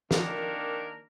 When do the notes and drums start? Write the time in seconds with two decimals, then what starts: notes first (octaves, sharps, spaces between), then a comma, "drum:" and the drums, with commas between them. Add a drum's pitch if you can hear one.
0.11 D#3 A#3 D4 A#4, drum: snare